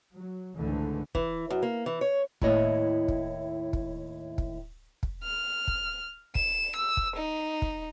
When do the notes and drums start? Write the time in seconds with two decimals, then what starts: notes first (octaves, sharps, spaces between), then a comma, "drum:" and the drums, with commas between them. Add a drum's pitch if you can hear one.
0.14 F#3
0.56 C#2 G#2 D3 E3 A3
1.15 E3, drum: kick
1.50 F#2
1.63 A#3
1.86 E3
2.01 C#5
2.41 D#2 A2 E4 C#5 D#5, drum: kick
3.08 drum: kick
3.73 drum: kick
4.38 drum: kick
5.03 drum: kick
5.23 F6
5.68 drum: kick
6.35 E7, drum: kick
6.76 E6
6.97 drum: kick
7.17 D#4
7.62 drum: kick